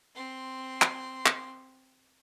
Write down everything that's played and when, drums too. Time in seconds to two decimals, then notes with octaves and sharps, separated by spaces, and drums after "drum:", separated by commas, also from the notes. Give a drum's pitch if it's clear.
0.15 C4 C6
0.82 drum: clap
1.26 drum: clap